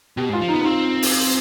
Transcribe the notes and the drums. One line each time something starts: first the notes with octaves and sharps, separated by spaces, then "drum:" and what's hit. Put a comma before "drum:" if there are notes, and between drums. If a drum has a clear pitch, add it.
B2 G4
G#2 F4
F3
D#4
B3
D#4
C4 F4
drum: open hi-hat